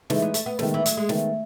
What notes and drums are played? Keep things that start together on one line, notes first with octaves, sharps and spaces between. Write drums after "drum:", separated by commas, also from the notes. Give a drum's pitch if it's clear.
E3 G#3 A3 D#4, drum: snare
B3
A3, drum: hi-hat
B3
D#3 G#3 A3 B3, drum: snare
E3
F#3, drum: hi-hat
G#3
D#3 G#3 A3 B3, drum: snare